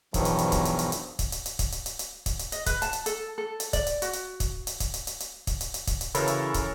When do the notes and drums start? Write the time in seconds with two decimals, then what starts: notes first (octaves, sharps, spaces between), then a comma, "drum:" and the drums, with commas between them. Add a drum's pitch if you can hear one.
0.14 E2 G2 B2 D#3 F3 F#3, drum: kick, hi-hat
0.25 drum: hi-hat
0.38 drum: hi-hat
0.52 drum: kick, hi-hat
0.65 drum: hi-hat
0.79 drum: hi-hat
0.92 drum: hi-hat
1.19 drum: kick, hi-hat
1.32 drum: hi-hat
1.46 drum: hi-hat
1.59 drum: kick, hi-hat
1.72 drum: hi-hat
1.86 drum: hi-hat
1.99 drum: hi-hat
2.26 drum: kick, hi-hat
2.39 drum: hi-hat
2.52 D#5, drum: hi-hat
2.66 B4, drum: kick, hi-hat
2.82 A5, drum: hi-hat
2.93 drum: hi-hat
3.06 A4, drum: hi-hat
3.38 A4
3.60 drum: hi-hat
3.73 D5, drum: kick, hi-hat
3.87 drum: hi-hat
4.02 F#4, drum: hi-hat
4.13 drum: hi-hat
4.40 drum: kick, hi-hat
4.67 drum: hi-hat
4.80 drum: kick, hi-hat
4.94 drum: hi-hat
5.07 drum: hi-hat
5.20 drum: hi-hat
5.47 drum: kick, hi-hat
5.61 drum: hi-hat
5.74 drum: hi-hat
5.87 drum: kick, hi-hat
6.01 drum: hi-hat
6.15 F#2 C#3 E3 A4 A#4 C#5 B5, drum: hi-hat
6.28 drum: hi-hat
6.54 drum: kick, hi-hat